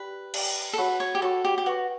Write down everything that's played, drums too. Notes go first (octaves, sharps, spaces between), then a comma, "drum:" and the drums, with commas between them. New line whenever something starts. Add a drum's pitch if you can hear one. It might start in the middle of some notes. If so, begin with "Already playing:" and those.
Already playing: G4 B4 D5 G5
G4 D5 G5, drum: cymbal
A4
F#4 B4 C#5 F#5 C#6
C#5
G4
F#4 A4 C#5 F#5 C#6
G4
G4
F#4 B4 F#5 C#6